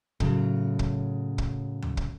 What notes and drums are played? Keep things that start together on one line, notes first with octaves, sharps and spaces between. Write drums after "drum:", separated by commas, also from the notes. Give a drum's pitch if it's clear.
A2 C#3 F#3, drum: kick
drum: kick
drum: kick
drum: tom D2
drum: kick